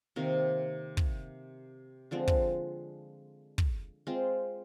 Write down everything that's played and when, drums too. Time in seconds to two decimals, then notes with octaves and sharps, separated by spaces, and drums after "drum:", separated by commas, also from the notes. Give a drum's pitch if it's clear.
0.16 C3 D#3 A#3
0.97 drum: kick
2.11 D3 F3 G#3 C4
2.28 drum: kick
3.58 drum: kick
4.07 G#3 C4 F4